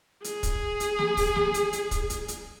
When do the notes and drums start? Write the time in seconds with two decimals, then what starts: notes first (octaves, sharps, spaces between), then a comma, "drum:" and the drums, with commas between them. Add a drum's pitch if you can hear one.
0.24 G#4, drum: hi-hat
0.43 drum: kick, hi-hat
0.80 drum: hi-hat
0.99 drum: snare
1.17 drum: kick, open hi-hat
1.36 drum: snare
1.54 drum: hi-hat
1.73 drum: hi-hat
1.91 drum: kick, hi-hat
2.10 drum: hi-hat
2.28 drum: hi-hat